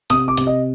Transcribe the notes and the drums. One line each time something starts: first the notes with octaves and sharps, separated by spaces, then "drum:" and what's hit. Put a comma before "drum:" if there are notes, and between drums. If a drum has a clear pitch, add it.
C3 D#6, drum: hi-hat
D6
C3, drum: hi-hat
D#5